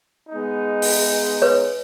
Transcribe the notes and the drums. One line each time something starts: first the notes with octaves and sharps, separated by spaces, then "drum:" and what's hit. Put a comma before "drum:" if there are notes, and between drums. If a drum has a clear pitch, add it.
G#3 B3 D#4
drum: open hi-hat
B4 C#5